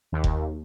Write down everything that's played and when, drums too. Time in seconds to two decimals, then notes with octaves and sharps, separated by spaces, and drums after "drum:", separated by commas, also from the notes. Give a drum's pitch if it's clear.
0.12 D#2
0.24 drum: kick F1